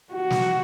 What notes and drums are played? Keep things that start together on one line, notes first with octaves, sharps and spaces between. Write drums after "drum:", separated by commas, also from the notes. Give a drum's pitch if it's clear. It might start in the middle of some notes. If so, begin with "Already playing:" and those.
F#4
drum: snare